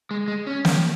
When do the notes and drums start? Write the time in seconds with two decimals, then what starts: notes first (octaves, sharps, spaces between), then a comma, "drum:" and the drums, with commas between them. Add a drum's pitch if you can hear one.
0.11 G#3
0.28 G#3
0.47 C#4
0.65 drum: snare